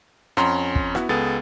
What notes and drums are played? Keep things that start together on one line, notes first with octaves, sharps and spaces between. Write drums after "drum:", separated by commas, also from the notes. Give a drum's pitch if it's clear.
F2 C#4 F#5 A#5 C6, drum: rim click
drum: kick
B3 E4 F#4, drum: rim click
C#2 B3 G#4 A4 A6